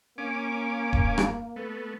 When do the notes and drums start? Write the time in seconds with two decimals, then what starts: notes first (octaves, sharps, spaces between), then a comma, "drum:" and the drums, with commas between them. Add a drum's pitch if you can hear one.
0.18 A#3 C#4 G#5 D6
0.93 drum: kick D#1
1.18 drum: rim click
1.56 A3 B3